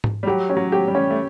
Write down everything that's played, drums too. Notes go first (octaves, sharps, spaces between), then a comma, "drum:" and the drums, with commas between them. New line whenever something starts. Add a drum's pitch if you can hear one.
drum: tom G#2
G3
F#3 G4
C#4
F#3
G4
G3
C#4
A3